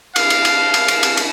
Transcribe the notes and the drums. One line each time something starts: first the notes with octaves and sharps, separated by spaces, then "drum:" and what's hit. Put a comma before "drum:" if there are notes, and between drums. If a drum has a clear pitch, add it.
F5, drum: cymbal
drum: cymbal
drum: cymbal
drum: cymbal
drum: cymbal
drum: cymbal
drum: cymbal